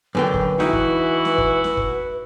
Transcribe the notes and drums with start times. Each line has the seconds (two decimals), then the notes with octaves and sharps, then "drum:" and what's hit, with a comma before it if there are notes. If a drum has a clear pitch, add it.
0.15 F#2 D3 B4 G5
0.34 drum: kick
0.60 E3 D#4 E4 F#4, drum: snare
0.73 drum: kick
1.25 drum: snare
1.38 drum: kick
1.64 drum: snare
1.77 drum: kick